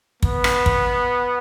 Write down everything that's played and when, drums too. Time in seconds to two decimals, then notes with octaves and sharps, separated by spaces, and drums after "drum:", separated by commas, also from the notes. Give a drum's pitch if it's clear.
0.23 B3, drum: kick
0.44 drum: rim click
0.66 drum: kick